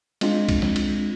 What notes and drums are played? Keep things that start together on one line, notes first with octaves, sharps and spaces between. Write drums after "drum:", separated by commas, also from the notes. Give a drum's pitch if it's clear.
G#3 C4 D4 F4, drum: cymbal
drum: kick C2, cymbal
drum: snare
drum: cymbal